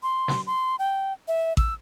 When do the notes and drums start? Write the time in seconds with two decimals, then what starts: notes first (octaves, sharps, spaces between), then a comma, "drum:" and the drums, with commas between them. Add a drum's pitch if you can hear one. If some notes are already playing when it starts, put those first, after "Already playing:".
0.03 C6
0.28 drum: snare
0.47 C6
0.79 G5
1.28 E5
1.57 E6, drum: kick A1